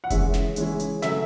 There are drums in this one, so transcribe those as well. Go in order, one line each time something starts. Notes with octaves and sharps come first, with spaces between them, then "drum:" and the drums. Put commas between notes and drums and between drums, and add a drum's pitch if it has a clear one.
F#5
C#3 E3 G#3 C#4 E4 E5, drum: kick F1, hi-hat
drum: snare
C#3 E3 G#3 C#4 E4, drum: hi-hat
drum: hi-hat
C#3 F#3 A3 E5, drum: snare